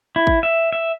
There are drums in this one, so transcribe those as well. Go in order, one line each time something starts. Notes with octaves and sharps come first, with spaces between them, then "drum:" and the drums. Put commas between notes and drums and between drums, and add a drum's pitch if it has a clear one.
E4
drum: kick
E5
E5